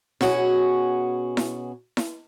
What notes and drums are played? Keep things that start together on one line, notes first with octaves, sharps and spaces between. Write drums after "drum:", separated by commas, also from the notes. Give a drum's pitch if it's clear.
B2 C#4 F#4 G#4, drum: snare E4
drum: snare E4
drum: snare E4